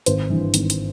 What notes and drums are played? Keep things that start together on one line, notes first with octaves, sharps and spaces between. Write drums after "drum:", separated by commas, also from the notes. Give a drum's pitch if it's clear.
G#1 C5, drum: hi-hat
G2 E3
G#1, drum: hi-hat
drum: hi-hat